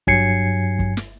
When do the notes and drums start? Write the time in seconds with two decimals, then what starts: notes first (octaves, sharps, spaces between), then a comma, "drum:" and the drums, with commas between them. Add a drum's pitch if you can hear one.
0.07 G2 F#3 G#5 G#6 C7 C#7, drum: kick
0.79 drum: kick
0.97 drum: snare